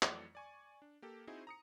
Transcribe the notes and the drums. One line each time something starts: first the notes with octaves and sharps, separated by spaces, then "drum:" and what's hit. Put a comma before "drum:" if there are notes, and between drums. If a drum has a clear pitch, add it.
F2 E3 F#3 A3 D5 C#7, drum: clap
D5 G#5 C#6
D4
A#3 G4 A4
C4 D#4 E4 F#4 G#4 C5
A#5 D#6 C#7